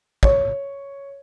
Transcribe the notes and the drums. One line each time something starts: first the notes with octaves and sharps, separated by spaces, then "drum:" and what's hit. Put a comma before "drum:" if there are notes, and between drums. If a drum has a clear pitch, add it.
C#5, drum: kick